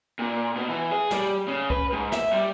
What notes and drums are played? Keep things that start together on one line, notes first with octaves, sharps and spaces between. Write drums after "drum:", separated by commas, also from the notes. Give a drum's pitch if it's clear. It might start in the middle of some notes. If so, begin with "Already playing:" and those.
A#2
B2
E3
G#4
G3, drum: snare
C#3
B4, drum: kick C2
G#2
E5, drum: snare
G3